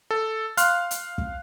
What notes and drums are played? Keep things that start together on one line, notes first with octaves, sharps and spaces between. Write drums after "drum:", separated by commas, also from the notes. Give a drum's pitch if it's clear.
A4
F5 C6 F6 F#6, drum: hi-hat
drum: hi-hat
drum: kick